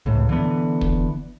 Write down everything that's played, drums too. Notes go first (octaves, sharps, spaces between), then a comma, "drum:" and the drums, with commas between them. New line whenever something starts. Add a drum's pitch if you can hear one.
C#2 A2
D3 E3 B3
drum: kick